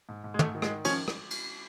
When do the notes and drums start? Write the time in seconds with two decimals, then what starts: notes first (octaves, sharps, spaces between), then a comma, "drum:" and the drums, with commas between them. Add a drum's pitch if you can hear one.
0.09 G#2
0.24 G#2
0.34 G#3
0.39 G#2 A3, drum: tom
0.55 D#3
0.62 G#3, drum: rim click
0.69 D#3
0.84 F3 C#4, drum: cymbal
1.08 drum: rim click
1.31 drum: cymbal